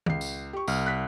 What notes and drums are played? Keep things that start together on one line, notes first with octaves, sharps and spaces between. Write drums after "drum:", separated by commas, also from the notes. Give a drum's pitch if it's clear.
C#2 C7, drum: tom
drum: tambourine
G4 C#6
C2 F6, drum: tambourine
F#6 B6